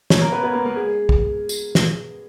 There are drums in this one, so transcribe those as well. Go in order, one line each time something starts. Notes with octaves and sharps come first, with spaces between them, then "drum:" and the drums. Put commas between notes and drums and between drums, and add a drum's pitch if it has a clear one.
C#4 C#5, drum: snare
A#3 A#4
B3 B4
B3 B4
A#3 A#4
A#3 A#4
G#3 G#4
drum: kick
drum: tambourine
drum: snare